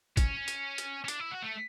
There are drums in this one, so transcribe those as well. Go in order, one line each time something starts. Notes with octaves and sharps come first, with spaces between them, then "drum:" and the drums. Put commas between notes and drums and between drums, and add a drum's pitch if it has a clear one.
C#4, drum: kick, hi-hat
drum: hi-hat
drum: hi-hat
C#4
D4, drum: hi-hat
E4
F#4
A3